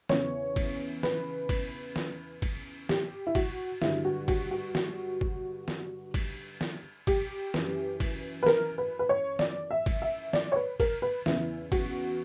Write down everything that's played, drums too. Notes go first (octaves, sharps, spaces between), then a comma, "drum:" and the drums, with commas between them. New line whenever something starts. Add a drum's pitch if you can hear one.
E2 C#3 E3 C#5, drum: snare
drum: kick, cymbal
B4, drum: snare
drum: kick, cymbal
drum: snare
drum: kick, cymbal
G4, drum: snare
E4
F#4, drum: kick, cymbal
G2 D3 F#3 E4, drum: snare
F#4
F#4, drum: kick, cymbal
F#4
F#4, drum: snare
drum: kick
drum: snare
drum: kick, cymbal
drum: snare
G4, drum: kick, cymbal
F#2 E3, drum: snare
drum: kick, cymbal
B4
A#4, drum: snare
B4
B4
C#5
D5, drum: snare
E5
drum: kick, cymbal
E5
D5, drum: snare
C#5
B4
A#4, drum: kick, cymbal
B4
E2 C#3 E3 E4, drum: snare
F#4, drum: kick, cymbal